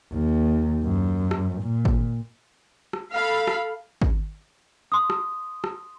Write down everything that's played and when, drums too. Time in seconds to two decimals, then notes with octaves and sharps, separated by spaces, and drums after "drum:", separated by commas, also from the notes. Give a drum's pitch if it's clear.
0.12 D#2
0.83 F#2
1.31 drum: rim click
1.62 A#2
1.85 drum: kick
2.93 drum: rim click
3.13 A4 F5 B5
3.47 drum: rim click
4.02 drum: kick
4.92 C6 D#6
5.10 drum: rim click
5.64 drum: rim click